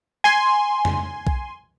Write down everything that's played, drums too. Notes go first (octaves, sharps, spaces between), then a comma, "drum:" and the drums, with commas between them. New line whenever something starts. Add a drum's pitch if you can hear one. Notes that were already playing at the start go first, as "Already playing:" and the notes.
G#5 C6
drum: tom F2
drum: kick B1